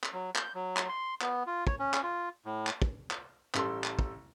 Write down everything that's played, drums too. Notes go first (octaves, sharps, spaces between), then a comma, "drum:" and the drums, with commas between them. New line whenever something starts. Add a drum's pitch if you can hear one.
drum: clap
F#3
G6, drum: clap
F#3
drum: clap
C6
B3, drum: clap
F4
C#5, drum: kick
C#4
drum: clap
F4
A2
drum: clap
drum: kick
drum: clap
A1 G3 A4 C6, drum: clap
drum: clap
drum: kick